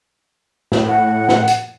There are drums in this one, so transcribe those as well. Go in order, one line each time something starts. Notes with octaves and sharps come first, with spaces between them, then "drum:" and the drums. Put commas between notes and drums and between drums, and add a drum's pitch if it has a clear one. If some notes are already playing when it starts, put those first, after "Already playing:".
A2, drum: snare
F#5
drum: snare
drum: hi-hat